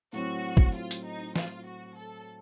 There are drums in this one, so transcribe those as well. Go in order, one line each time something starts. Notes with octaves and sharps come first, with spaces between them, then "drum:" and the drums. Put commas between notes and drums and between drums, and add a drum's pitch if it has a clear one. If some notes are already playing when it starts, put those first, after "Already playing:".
A2 F#3 C4 F#4
drum: kick
F4
drum: hi-hat
D#4
F4, drum: snare
F#4
A4